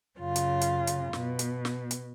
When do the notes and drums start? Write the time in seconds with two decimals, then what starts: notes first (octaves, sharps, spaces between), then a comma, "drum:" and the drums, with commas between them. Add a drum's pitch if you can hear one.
0.19 F#2 C#3 F4
0.36 drum: hi-hat
0.61 drum: hi-hat
0.87 drum: hi-hat
1.13 B2, drum: snare
1.39 drum: hi-hat
1.65 drum: snare
1.91 drum: hi-hat